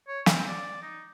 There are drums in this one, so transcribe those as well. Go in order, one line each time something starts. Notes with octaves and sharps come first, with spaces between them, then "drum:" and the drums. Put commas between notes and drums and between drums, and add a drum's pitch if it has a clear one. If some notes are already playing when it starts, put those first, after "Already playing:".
C#5
C4, drum: snare
D5
D#4